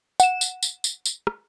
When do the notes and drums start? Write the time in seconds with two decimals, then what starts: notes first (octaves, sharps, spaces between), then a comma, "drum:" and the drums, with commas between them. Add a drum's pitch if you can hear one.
0.20 F#5 E7, drum: tambourine
0.41 drum: tambourine
0.63 drum: tambourine
0.84 drum: tambourine
1.05 drum: tambourine
1.27 drum: rim click